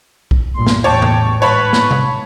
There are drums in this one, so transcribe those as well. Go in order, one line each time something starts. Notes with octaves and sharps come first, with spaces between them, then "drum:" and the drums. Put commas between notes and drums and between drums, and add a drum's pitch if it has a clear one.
drum: kick B1
G2 A#2 C6
drum: snare
A1 E2 C#5 G5 A5 D6
drum: tom
G#2 B4 C#5 A5 B5
drum: snare
drum: tom C3